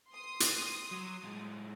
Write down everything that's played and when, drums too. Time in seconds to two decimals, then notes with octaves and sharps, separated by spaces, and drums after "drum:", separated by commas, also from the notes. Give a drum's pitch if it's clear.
0.10 C6 D#6
0.40 drum: hi-hat
0.91 F#3
1.24 A2 G#3